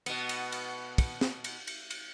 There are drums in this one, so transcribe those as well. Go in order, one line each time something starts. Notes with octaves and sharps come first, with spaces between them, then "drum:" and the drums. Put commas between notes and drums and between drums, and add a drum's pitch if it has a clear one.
B2 B3, drum: cymbal
drum: cymbal
drum: cymbal
drum: kick, cymbal
drum: snare
drum: cymbal
drum: cymbal
drum: cymbal